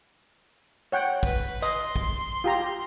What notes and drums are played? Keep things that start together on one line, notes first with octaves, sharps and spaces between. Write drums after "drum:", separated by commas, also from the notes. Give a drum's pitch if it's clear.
C#5 F#5 G5
B4, drum: kick
D#5 C6, drum: hi-hat
drum: kick
F4 G4 A#5